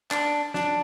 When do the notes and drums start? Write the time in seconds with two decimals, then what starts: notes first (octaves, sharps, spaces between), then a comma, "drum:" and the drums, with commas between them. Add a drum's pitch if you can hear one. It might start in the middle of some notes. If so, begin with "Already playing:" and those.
0.11 D4, drum: clap
0.54 D4, drum: snare